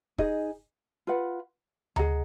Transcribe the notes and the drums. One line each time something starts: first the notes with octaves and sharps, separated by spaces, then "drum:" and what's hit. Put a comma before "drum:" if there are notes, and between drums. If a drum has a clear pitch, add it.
D#4 G#4 D#5, drum: kick
F4 B4 F#5
G#4 D#5 F#5 A#5, drum: tom D2